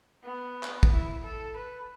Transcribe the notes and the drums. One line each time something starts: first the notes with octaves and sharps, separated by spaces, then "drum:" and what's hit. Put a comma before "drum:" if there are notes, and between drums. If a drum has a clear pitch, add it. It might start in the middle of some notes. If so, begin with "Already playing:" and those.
B3
drum: clap
drum: kick
E4
A4
B4